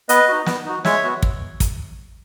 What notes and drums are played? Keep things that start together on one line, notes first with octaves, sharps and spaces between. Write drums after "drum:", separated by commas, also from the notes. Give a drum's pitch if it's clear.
B3 B4 D#5, drum: hi-hat
D#4 F#4
B3, drum: snare
D#4 F#4
G#3 C#5 E5, drum: snare
B3 F#4
drum: kick
drum: kick, hi-hat